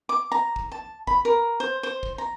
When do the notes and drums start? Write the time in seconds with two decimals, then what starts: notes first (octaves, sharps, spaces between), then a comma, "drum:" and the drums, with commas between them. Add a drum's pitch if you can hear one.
0.09 D6
0.32 A#5
0.56 drum: kick
0.72 A5
1.07 B5, drum: kick
1.25 A#4
1.60 C5
1.83 C5
2.03 drum: kick
2.18 A#5